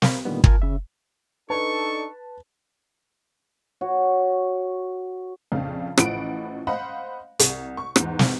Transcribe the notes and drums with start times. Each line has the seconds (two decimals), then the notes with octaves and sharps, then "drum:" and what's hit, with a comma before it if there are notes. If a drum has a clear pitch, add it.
0.02 A#4 C5 F5 A#5 B5, drum: snare
0.25 A#2 D3 D#3 G3 B3
0.44 F4 A#4 G#5 A5 F6, drum: kick
0.62 C#3 E5
1.50 D4 D#4 A4 B4 A5 C#6
3.81 F#4 C#5
5.52 A#1 F2 C#3 F5
5.97 A1 A2 F3 F#5 B5 D7, drum: rim click
6.67 C5 D#5 F5 F#5 B5
7.39 C2, drum: hi-hat
7.77 C#6
7.96 E2 G#2, drum: rim click
8.19 drum: snare